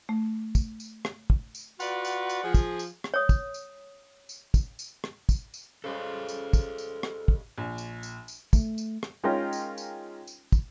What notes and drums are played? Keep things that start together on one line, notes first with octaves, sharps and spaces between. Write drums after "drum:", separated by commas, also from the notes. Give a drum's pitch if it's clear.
A3
drum: kick, tambourine
drum: tambourine
drum: rim click
drum: kick
drum: tambourine
F4 F#4 B4 D5 F#5, drum: tambourine
drum: tambourine
drum: tambourine
F3 G#4
drum: kick, tambourine
drum: tambourine
drum: rim click
C#5 D#6
drum: kick, tambourine
drum: tambourine
drum: tambourine
drum: kick, tambourine
drum: tambourine
drum: rim click
drum: kick, tambourine
drum: tambourine
C#3 G3 G#3 A4 C5
drum: tambourine
drum: kick, tambourine
drum: tambourine
drum: rim click
drum: kick
A#1
drum: tambourine
drum: tambourine
drum: tambourine
A3, drum: kick, tambourine
drum: tambourine
drum: rim click
G#3 C#4 D#4 F4 A#4 G5
drum: tambourine
drum: tambourine
drum: tambourine
drum: kick, tambourine